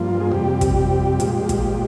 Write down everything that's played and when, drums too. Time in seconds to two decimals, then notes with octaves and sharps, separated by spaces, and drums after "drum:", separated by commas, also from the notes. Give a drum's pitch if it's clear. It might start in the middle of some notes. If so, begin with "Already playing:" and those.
Already playing: G2 F3 A#3 F4
0.20 G#4
0.32 F2 C3 G3 G4
0.61 drum: kick, hi-hat
1.20 A#2 F3 G#3, drum: hi-hat
1.49 drum: kick, hi-hat